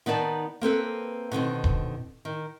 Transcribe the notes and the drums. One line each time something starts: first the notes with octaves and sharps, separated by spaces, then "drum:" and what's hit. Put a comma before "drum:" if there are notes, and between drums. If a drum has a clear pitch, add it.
D#3 B3 D#4 D5 A5
A#3 C4 A4 B4
B2 D3 D#3 C4
drum: kick D#1
D#3